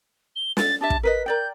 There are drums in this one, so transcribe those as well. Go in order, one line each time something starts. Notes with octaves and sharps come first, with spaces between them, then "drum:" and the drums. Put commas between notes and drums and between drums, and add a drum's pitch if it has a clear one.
G7
A6, drum: snare
D4 G4 E5 A5
drum: kick
A#4 B4 D#5 B6
A#4 D5 G5 G6